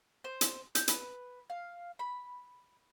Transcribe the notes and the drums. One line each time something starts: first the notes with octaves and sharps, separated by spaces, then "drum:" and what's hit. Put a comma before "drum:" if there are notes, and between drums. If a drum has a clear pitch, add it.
C5
drum: hi-hat
G6, drum: hi-hat
B4, drum: hi-hat
F5
B5